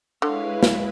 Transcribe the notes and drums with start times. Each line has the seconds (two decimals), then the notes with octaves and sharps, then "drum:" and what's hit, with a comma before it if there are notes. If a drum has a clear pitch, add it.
0.22 D3 G#3 E4 B4 C#5 F5
0.63 drum: snare